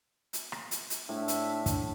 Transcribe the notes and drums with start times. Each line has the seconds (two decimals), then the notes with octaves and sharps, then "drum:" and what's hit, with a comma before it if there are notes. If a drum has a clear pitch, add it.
0.33 drum: hi-hat
0.52 drum: rim click
0.71 drum: hi-hat
0.90 drum: hi-hat
1.09 A2 D4 E5
1.28 drum: hi-hat
1.66 drum: kick, hi-hat